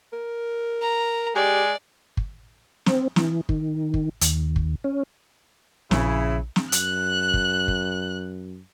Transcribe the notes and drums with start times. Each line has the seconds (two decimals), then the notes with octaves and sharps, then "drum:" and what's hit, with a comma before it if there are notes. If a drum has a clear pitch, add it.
0.13 A#4
0.82 A#5
1.36 G#3 G4 D5
2.17 drum: kick
2.86 C4, drum: snare
3.16 E3, drum: snare
3.49 D#3, drum: kick
3.94 drum: kick
4.21 D#2, drum: hi-hat
4.56 drum: kick
4.84 C#4
5.91 A#1 C#3 E4, drum: snare
6.56 drum: snare
6.72 F#2 F#6, drum: hi-hat
7.34 drum: kick
7.68 drum: kick